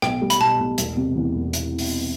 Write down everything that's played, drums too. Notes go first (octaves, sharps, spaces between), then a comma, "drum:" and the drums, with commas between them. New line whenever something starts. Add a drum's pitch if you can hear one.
B1 G5, drum: rim click
G3
B5, drum: hi-hat
B2 A5
B1
E1, drum: hi-hat
C3
E2
E1
drum: hi-hat
drum: open hi-hat